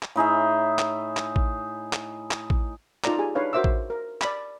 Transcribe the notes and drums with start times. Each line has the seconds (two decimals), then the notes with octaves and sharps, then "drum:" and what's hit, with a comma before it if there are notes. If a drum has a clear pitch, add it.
0.03 drum: clap
0.16 A2 D#4 G#4 E5
0.79 drum: clap
1.17 drum: clap
1.36 drum: kick A1
1.93 drum: clap
2.31 drum: clap
2.50 drum: kick A1
3.04 D#4 F4 A4 D5 A#5, drum: clap
3.18 G4 G#4 G#5
3.35 D4 D#4 B4 C#5 F5
3.53 F#4 A#4 C5 E5 D6 E6
3.64 drum: kick A1
3.90 A#4
4.21 D5 B5, drum: clap